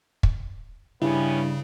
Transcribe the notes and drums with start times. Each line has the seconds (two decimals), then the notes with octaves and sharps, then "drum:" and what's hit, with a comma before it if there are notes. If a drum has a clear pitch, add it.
0.23 drum: kick
1.02 G2 C#3 G3 B3 C#4 E4